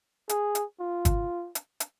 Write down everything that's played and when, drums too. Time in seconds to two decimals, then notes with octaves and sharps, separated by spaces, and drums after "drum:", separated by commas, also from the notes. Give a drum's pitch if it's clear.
0.29 G#4, drum: hi-hat
0.55 drum: hi-hat
0.80 F4
1.05 drum: kick, hi-hat
1.55 drum: hi-hat
1.80 drum: hi-hat